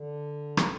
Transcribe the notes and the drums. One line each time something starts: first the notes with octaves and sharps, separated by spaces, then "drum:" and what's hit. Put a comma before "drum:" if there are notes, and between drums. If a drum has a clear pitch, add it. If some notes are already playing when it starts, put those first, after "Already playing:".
Already playing: D3
drum: rim click